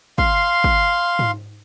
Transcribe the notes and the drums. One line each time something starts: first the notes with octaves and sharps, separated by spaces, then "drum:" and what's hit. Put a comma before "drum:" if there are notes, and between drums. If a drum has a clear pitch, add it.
F5 C6, drum: kick
drum: kick
drum: tom G#2